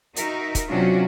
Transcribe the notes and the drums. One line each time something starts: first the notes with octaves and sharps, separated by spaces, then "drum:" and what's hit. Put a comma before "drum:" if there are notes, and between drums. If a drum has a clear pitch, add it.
D#4 F#4 A#4 E5, drum: hi-hat
drum: kick, hi-hat
C3 F#3 C#4 D4 F4 F#4